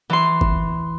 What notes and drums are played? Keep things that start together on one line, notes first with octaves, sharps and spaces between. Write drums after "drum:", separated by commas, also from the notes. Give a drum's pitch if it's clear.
E3 C6
drum: kick